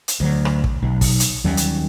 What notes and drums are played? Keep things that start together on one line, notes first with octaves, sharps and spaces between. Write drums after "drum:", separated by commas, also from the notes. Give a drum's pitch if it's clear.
drum: hi-hat
D2 F#3
drum: rim click
drum: kick
B1
drum: kick, open hi-hat
drum: hi-hat
D#2 F#3 G3 C#4
drum: hi-hat